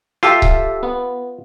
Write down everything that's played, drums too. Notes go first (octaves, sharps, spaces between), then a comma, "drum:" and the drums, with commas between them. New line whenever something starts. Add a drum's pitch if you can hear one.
F4 G4 A4 E5
drum: kick C#1
B3